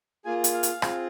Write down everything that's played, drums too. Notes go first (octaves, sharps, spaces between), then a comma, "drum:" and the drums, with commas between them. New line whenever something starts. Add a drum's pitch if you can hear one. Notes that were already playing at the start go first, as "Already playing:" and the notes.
A#3 F4 G#4 G#5
drum: hi-hat
F5
drum: hi-hat
C4 F4 G#4, drum: rim click